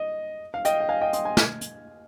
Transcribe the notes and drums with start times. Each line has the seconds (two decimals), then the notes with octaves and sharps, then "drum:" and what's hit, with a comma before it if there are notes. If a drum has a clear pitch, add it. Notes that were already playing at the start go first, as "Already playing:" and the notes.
Already playing: D#5
0.54 F5
0.65 D#5 G5, drum: hi-hat
0.81 G5
0.89 F5 G#5
1.01 D#5 G5
1.13 C6 D#6, drum: hi-hat
1.25 G#5 C6
1.37 F6 G#6, drum: snare
1.61 drum: hi-hat